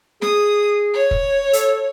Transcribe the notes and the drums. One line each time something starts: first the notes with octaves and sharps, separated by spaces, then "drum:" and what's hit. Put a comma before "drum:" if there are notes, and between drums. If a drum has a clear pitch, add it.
G#4 D#6, drum: snare
C#5
drum: kick F1
A4, drum: hi-hat